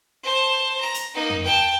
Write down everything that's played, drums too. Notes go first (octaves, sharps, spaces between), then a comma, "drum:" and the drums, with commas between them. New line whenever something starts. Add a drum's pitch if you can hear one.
C5 A5
A#5
drum: hi-hat
A#3 D#4
drum: tom
G5 A5